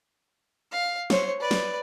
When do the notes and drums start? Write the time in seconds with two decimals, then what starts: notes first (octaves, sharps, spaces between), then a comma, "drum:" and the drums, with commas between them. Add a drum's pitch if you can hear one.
0.71 F5
1.10 C5 C#5, drum: snare
1.40 B4 D5
1.51 drum: snare